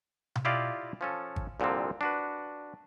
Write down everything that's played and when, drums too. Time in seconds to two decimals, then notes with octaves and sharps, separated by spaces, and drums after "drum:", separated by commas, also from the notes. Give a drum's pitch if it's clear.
0.35 drum: tom B2
0.45 E4 F4 G4 D5 D#5 F5
1.01 F3 C#4 A4
1.36 drum: kick G#1
1.60 C2 A#2 D3 F3 C4
2.01 D4 F#4 B4